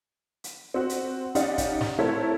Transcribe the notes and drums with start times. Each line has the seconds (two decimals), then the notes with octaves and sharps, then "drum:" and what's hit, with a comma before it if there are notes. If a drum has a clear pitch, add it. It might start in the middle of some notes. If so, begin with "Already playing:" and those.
0.44 drum: hi-hat
0.74 C4 F#4
0.89 drum: hi-hat
1.35 C#4 D#4 G4 D5 F5 F#5, drum: hi-hat
1.58 drum: kick, hi-hat
1.81 drum: snare
1.99 A3 C4 E4 A#4 C#5